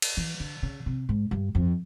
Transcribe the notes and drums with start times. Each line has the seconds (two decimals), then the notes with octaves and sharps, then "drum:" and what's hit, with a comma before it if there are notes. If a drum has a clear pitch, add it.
0.02 drum: cymbal
0.17 E3
0.40 D3
0.63 C#3
0.86 C3
1.09 G#2
1.31 G2
1.55 F2